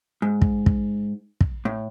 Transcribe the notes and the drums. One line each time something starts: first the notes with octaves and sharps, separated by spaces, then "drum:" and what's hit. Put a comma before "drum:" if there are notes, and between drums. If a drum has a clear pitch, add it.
G#2
drum: kick
drum: kick
drum: kick
A2